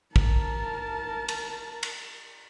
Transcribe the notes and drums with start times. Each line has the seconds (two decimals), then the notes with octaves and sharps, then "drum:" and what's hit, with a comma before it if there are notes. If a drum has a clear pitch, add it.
0.16 A#4 A5, drum: kick
1.28 drum: cymbal
1.83 drum: cymbal